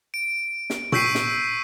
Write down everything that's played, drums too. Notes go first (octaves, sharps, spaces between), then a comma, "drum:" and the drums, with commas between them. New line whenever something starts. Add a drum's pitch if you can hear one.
D7
drum: snare
C#6 E6 G6 B6 C7 D#7, drum: tom A#2
drum: snare